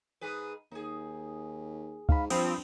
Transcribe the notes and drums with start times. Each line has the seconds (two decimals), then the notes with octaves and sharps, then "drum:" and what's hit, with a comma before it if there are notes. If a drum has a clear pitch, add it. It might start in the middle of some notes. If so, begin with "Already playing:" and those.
0.21 G#2 G#4 B4
0.71 D#2 D#4 G#4
2.09 G#2 F5 B5, drum: kick
2.30 G2 F3 C4 B5 D#6, drum: cymbal